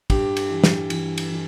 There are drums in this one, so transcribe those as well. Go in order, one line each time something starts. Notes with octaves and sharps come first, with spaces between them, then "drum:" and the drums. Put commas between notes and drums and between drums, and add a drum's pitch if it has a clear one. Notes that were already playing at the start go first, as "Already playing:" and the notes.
G2 G4, drum: kick, cymbal
drum: cymbal
E3
drum: snare
E3, drum: cymbal
drum: cymbal
E3